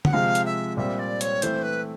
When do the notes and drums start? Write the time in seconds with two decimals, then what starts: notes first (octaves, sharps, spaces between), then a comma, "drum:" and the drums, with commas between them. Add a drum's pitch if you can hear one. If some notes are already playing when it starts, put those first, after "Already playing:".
0.05 F#5, drum: tom
0.13 C3 F3 G#3 F5
0.35 drum: hi-hat
0.46 E5
0.77 A#2 G3 C4 E5
0.99 D5
1.21 C#5, drum: hi-hat
1.42 E3 A3 C4 E4 C5, drum: hi-hat
1.62 B4